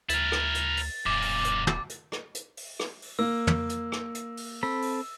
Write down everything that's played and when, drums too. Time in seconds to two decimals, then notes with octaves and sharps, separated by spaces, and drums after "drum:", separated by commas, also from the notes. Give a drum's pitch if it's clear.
0.09 D2 E4 A#4 A6, drum: hi-hat
0.32 drum: rim click
0.54 drum: hi-hat
0.77 drum: open hi-hat
1.06 D#1 F#2 A#2 D6
1.22 drum: open hi-hat
1.44 drum: hi-hat
1.67 drum: tom
1.89 drum: hi-hat
2.12 drum: rim click
2.35 drum: hi-hat
2.57 drum: open hi-hat
2.80 drum: rim click
3.02 drum: open hi-hat
3.19 A#3 E6
3.47 drum: tom
3.70 drum: hi-hat
3.92 drum: rim click
4.15 drum: hi-hat
4.37 drum: open hi-hat
4.63 C4 A4 B5 E6
4.82 drum: open hi-hat